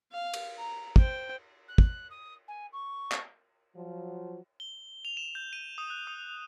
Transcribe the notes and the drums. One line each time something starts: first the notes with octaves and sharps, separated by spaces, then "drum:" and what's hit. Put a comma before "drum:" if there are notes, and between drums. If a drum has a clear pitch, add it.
F5
drum: cymbal
A#5
C5 G5, drum: kick
F#6
drum: kick
D#6
G#5
C#6
drum: clap
F3 F#3
G7
F7
E7
G6
D#7
D#6
F#6
D#6